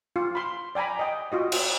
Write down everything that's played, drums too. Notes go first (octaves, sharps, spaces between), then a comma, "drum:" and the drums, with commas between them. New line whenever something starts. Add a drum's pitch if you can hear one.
F4
B5 C6
D5 G5 G#5 A#5 B5
D#5 G5
F4 F#4 D#5
drum: cymbal